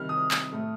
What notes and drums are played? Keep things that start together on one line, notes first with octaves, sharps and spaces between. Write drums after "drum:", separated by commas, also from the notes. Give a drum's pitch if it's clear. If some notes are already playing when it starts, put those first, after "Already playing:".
Already playing: C3 D#3 G3 F6
D#6
drum: clap
A2 A3